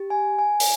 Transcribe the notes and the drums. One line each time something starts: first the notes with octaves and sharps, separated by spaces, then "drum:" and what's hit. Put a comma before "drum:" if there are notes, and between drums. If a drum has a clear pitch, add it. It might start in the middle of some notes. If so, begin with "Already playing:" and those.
Already playing: G4
G#5
G#5
drum: open hi-hat